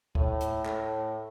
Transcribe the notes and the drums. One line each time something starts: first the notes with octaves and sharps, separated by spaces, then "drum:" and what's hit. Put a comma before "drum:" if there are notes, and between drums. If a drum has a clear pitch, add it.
A2, drum: kick
drum: hi-hat
A2, drum: clap